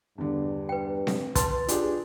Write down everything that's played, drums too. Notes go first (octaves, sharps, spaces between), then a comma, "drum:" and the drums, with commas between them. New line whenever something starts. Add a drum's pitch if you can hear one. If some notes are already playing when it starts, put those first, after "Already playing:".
E2 G2 D3
B4 G5
drum: snare C4
B4 A5 C6 A6, drum: kick, hi-hat
D4 F4 G4 G#4, drum: hi-hat